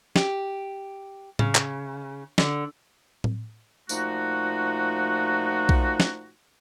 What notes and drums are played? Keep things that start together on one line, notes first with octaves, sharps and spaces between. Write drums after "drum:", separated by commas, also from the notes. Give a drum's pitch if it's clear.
G4, drum: snare
C#3, drum: tom A2
drum: clap
D3, drum: snare
drum: tom A2
A#2 F3 A3 D#4 F#4, drum: tambourine
drum: kick B1
drum: snare